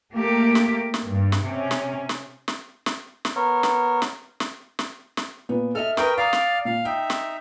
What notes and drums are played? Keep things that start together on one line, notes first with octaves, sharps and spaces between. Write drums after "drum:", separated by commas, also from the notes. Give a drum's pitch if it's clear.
A3 A#3 G4
drum: snare
drum: snare
G2
drum: snare
C3 C#4
drum: snare
drum: snare
drum: snare
drum: snare
drum: snare
B3 A#4 C#5
drum: snare
drum: snare
drum: snare
drum: snare
drum: snare
A#2 B3
A4 D#5 E5 F6
A#4 B4 G5 C#6 D#6, drum: snare
D5 F5 A#5 D#6
drum: snare
A#2 F5
D#4 E5 G5
drum: snare